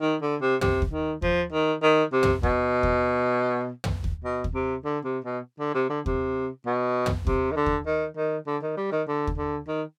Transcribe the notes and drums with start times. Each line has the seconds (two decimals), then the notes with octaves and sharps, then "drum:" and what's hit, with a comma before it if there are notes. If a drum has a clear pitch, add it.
0.01 D#3
0.22 D3
0.41 C3
0.61 C3, drum: tom
0.82 drum: kick
0.92 D#3
1.22 F3, drum: kick
1.52 D#3
1.83 D#3
2.12 C3
2.23 drum: tom
2.43 B2, drum: kick
2.83 drum: kick
3.84 drum: tom
4.04 drum: kick
4.24 B2
4.44 drum: kick
4.54 C3
4.85 D3
5.04 C3
5.24 B2
5.59 D3
5.74 C3
5.90 D3
6.06 C3, drum: kick
6.66 B2
7.06 drum: tom
7.27 C3, drum: kick
7.51 D#3
7.56 D3
7.66 drum: kick
7.86 D#3
8.17 D#3
8.47 D3
8.62 D#3
8.77 G3
8.92 D#3
9.08 D3
9.27 drum: kick
9.37 D3
9.68 D#3